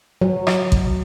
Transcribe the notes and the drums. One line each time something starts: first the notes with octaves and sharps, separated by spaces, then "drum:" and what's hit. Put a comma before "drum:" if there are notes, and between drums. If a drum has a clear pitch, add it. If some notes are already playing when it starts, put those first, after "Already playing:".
F#3
drum: rim click
drum: kick